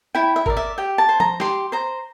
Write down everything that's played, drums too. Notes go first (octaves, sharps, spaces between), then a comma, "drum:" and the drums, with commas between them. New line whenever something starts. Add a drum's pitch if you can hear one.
E4 G5
E5
A#4 D5, drum: kick G#1
E5
G4 G5
A5
C5
A#5, drum: tom F3
G4 C6, drum: snare
C5 A#5